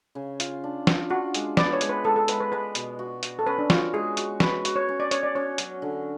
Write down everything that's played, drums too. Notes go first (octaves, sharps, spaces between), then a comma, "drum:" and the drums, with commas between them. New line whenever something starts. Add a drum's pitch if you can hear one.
C#3
F4, drum: hi-hat
D4
F4, drum: snare
D4 F#4
G#3, drum: hi-hat
B3 D5, drum: snare
C#5
G#3, drum: hi-hat
B4
G#3 A4
A4
G#3 B4, drum: hi-hat
B4
G#3 B4
B2, drum: hi-hat
F#4
F#4, drum: hi-hat
A4
C#4 B4
D4
F4 F#4, drum: snare
G#3 G#4
F#4, drum: hi-hat
F#4 B4, drum: snare
F#4, drum: hi-hat
C#5
C#4
D5
C#4 C#5, drum: hi-hat
D5
C#4 C#5
F#3, drum: hi-hat
D3